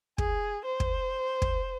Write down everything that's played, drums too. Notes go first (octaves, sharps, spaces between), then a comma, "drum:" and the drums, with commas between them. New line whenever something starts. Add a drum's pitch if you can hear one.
G#4, drum: kick
C5
drum: kick
drum: kick